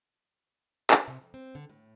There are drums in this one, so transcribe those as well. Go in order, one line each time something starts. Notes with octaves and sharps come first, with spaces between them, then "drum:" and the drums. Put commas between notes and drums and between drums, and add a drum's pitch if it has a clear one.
drum: clap
C3
F2
C4
D3
A2